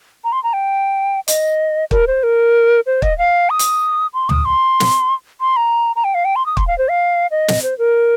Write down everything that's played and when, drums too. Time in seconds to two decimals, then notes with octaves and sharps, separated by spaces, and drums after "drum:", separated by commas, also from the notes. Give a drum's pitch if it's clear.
0.24 A#5
0.32 C6
0.44 A#5
0.53 G5
1.28 D#5, drum: hi-hat
1.91 A#4, drum: kick
2.07 C5
2.23 A#4
2.86 C5
3.02 D#5, drum: kick
3.18 F5
3.50 D#6
3.59 drum: hi-hat
4.14 C6
4.29 D#6, drum: tom
4.45 C6
4.80 drum: snare
5.41 C6
5.56 A#5
5.96 A#5
6.04 G5
6.14 F5
6.25 G5
6.36 C6
6.46 D#6
6.57 C6, drum: kick
6.67 F5
6.78 C5
6.89 F5
7.31 D#5
7.48 drum: snare
7.63 C5
7.78 A#4